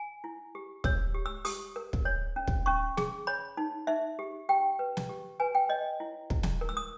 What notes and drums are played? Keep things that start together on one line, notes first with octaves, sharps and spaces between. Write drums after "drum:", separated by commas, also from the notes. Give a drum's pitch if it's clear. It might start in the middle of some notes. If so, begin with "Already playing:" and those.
Already playing: G#5
E4
G4
C#5 E6, drum: kick
G4
E6
G4 D#6, drum: open hi-hat
A#4
drum: kick
C#5
C#4
drum: kick
C#4 C#6
G#4, drum: snare
C#5 B5
D#4
D#4 E5
G4
G4 G5
B4
drum: snare
G4
B4 G#5
G5
C#5 D#5
E4
E4, drum: kick
drum: snare
A#4
E6
D#6